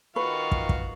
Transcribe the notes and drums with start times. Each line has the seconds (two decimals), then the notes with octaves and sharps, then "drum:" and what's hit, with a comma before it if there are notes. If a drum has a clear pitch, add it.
0.16 D#3 F4 F#4 B4 F5 C#6
0.52 drum: kick
0.69 drum: kick